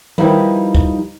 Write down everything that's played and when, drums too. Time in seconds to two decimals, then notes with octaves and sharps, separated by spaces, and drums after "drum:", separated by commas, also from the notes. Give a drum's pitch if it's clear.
0.18 F3 G3 D#4 E4 A#4 B4, drum: tom D#3
0.75 drum: kick